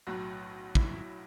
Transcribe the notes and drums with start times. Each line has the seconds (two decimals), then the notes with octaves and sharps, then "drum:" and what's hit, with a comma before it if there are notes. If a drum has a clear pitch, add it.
0.07 B1 A2 F#3 F#4
0.75 E4, drum: kick